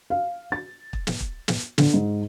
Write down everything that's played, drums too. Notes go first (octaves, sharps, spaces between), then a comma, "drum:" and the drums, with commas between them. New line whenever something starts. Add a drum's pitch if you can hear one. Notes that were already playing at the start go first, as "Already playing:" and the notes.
F5
A6
drum: kick
drum: snare
drum: kick
drum: snare
D3, drum: snare
G#2